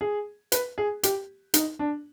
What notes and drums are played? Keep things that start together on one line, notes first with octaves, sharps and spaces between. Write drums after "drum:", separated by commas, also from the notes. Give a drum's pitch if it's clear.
G#4
B4, drum: hi-hat
G#4
G4, drum: hi-hat
D#4, drum: hi-hat
D4